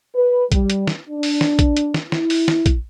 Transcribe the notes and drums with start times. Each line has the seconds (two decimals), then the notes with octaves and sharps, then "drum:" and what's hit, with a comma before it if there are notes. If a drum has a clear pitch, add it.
0.15 B4
0.52 G3, drum: kick A#1, hi-hat
0.70 drum: hi-hat
0.87 drum: snare
1.10 D4
1.23 drum: open hi-hat
1.41 drum: snare
1.59 drum: kick A#1, hi-hat
1.77 drum: hi-hat
1.94 drum: snare
2.12 E4, drum: snare
2.30 drum: open hi-hat
2.48 drum: snare
2.66 drum: kick A#1, hi-hat